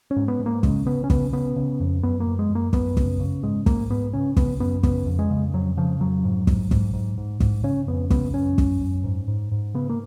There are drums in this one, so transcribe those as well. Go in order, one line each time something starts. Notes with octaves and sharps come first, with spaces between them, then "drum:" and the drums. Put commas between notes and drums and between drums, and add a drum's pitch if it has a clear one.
C#4
G#2
B3
G#2
A#3
C#3 G#3, drum: kick
C#3 B3
C#4
C#3 B3, drum: kick
C#3 B3
C#3
F2
F#2 B3
A#3
F#2
G#3
F#2 A#3
F#2 B3, drum: kick
C#3, drum: kick
C#3
G#2 G#3
G#2 A#3, drum: kick
G#2 B3
C#3 C#4
C#3 B3, drum: kick
F#2 B3
C#3 B3, drum: kick
F2
G#3
C#3
F2 F#3
C#3 F3
F2 F#3
G#2
G#2, drum: kick
G#2, drum: kick
G#2
G#2
G#2, drum: kick
C#3 C#4
F2 B3
C#3 B3, drum: kick
F#2 C#4
F#2, drum: kick
F#2
G#2
G#2
G#2
C#3 B3
A#3